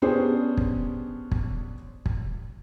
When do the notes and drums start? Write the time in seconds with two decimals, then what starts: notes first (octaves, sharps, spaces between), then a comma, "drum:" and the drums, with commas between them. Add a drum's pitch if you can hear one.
0.02 B3 C#4 D4 G4 G#4 C5
0.57 drum: kick
1.31 drum: kick
2.06 drum: kick